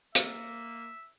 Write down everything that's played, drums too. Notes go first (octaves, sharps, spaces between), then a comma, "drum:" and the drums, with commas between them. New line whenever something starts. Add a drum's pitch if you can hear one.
A#3 E5, drum: hi-hat